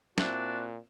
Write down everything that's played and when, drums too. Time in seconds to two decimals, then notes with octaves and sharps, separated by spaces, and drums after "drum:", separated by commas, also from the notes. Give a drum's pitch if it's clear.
0.18 A#2 C4 D4 E4 F#4, drum: snare